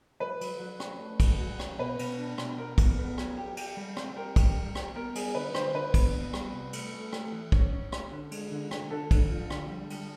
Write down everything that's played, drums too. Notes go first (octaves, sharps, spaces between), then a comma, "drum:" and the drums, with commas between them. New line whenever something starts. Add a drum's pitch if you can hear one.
F#3 B4
F#3, drum: cymbal
F#3
C#4, drum: rim click
A3
F#3, drum: kick, cymbal
F#3
C#4, drum: rim click
B2 B4
B2, drum: cymbal
D4
B2, drum: rim click
B3 A#4
B3, drum: kick, cymbal
B3
F#3, drum: rim click
G4
G4, drum: cymbal
G3
C4, drum: rim click
G4 A#4
G4, drum: kick, cymbal
G3
G4, drum: rim click
B3 A#4
G3 G#4, drum: cymbal
D3 B4
D3 C5, drum: rim click
D3 B4
B3, drum: kick, cymbal
B3
G3, drum: rim click
C3
A3, drum: cymbal
A3
A3, drum: rim click
E3
C#4, drum: kick
C#4
C#4, drum: rim click
D3
G#3, drum: cymbal
D3
D3, drum: rim click
D3 A4
D3, drum: kick, cymbal
F3
D3, drum: rim click
G3
G3, drum: cymbal